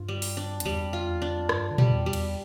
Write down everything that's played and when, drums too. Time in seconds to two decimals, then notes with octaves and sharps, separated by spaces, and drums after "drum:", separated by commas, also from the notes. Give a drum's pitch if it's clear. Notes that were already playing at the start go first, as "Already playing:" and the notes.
Already playing: G2 F4
0.08 G3
0.22 drum: open hi-hat
0.37 D4
0.60 F2, drum: hi-hat
0.65 E2 G3
0.86 F2
0.93 F4
1.07 E2
1.22 D4
1.28 F2
1.49 G2 D4, drum: rim click
1.71 D3
1.78 G3, drum: tom A#2
1.91 E2
2.06 G3
2.13 E2, drum: cymbal